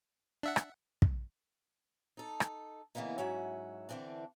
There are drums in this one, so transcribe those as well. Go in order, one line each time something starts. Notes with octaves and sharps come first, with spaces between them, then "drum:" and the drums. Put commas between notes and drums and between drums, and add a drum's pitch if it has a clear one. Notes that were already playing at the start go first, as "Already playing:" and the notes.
D4 E5 F#5
drum: rim click
drum: kick
D#4 A4
drum: rim click
C#3 E3 F3 A#3 B3 D#4
G#2 F#3 C#4 E5 F#5
D3 E3 G#3 C4 D4